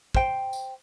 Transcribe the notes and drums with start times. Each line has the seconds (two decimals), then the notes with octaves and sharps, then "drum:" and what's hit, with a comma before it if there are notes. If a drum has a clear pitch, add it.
0.15 C5 G5, drum: kick
0.53 drum: tambourine